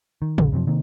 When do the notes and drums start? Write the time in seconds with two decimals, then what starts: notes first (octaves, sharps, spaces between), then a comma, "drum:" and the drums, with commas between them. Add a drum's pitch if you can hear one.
0.22 D#3
0.38 A#1 F2 C#3, drum: tom
0.52 F#2 C3 D#3 F3
0.67 C3 D#3 A#3